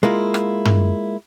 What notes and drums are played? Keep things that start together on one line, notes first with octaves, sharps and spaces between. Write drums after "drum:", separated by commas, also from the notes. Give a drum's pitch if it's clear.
G#3 A#3 E4 F4
drum: rim click
drum: tom